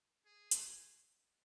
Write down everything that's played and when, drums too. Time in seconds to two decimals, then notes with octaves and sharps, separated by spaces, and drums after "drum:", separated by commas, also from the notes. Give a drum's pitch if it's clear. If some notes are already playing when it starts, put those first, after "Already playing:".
0.26 G#4
0.51 drum: hi-hat